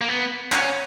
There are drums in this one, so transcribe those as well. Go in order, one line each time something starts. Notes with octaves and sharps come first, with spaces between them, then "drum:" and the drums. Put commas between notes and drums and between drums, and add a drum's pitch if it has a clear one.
A#3
B3
C#4, drum: clap